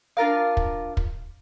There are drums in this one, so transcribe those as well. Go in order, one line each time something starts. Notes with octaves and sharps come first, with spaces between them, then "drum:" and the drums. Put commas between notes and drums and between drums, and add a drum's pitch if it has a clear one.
D4 F4 A#4 F5
drum: kick
drum: kick